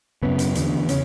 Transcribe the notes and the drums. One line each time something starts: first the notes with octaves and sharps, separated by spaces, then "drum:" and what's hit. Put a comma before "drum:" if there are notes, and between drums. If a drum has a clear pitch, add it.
F#2 C#3 B3
drum: hi-hat
E2 D3, drum: hi-hat
C#3 C#4, drum: hi-hat